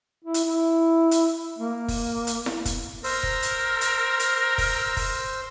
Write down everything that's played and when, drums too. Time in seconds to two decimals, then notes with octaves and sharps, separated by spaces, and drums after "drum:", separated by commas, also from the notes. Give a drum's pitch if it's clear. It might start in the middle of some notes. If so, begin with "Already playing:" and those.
0.24 E4
0.34 drum: hi-hat
0.45 E4
1.11 drum: hi-hat
1.59 A#3
1.88 drum: kick, open hi-hat
2.27 drum: hi-hat
2.46 drum: snare E4
2.65 drum: kick, hi-hat
3.04 A#4 C5 E6, drum: open hi-hat
3.23 drum: kick
3.43 drum: hi-hat
3.81 drum: hi-hat
4.20 drum: hi-hat
4.58 drum: kick, open hi-hat
4.97 drum: kick, open hi-hat